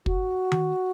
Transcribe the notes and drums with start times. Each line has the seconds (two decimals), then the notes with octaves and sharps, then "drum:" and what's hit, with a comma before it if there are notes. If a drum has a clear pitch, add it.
0.06 F#4, drum: kick
0.52 drum: tom D#3